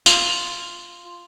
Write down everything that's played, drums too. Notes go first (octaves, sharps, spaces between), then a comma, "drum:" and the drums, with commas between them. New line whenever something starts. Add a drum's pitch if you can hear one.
F4, drum: tambourine